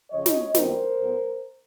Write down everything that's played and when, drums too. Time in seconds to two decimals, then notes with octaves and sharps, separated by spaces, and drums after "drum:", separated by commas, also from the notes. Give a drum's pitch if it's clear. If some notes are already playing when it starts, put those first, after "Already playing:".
0.11 F2 C#3 F3 C#5 D#5
0.26 drum: snare
0.55 F#2 D#3 G3 B3 A#4 C5, drum: snare
0.99 A2 F#3 B3